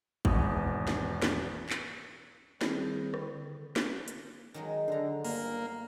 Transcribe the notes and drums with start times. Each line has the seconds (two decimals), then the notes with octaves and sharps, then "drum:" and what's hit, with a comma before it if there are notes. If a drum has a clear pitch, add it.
0.25 G#1 E2 B2 D#6, drum: kick G#1
0.87 drum: snare
1.22 drum: snare
1.70 drum: clap
2.61 D#3 G3 C4 E4 G#4 C5, drum: snare
3.14 D3, drum: rim click
3.76 drum: snare
4.08 drum: hi-hat
4.54 D#3 F#3 G#3
4.88 D3 C5 A#5
5.25 G1 A#3, drum: open hi-hat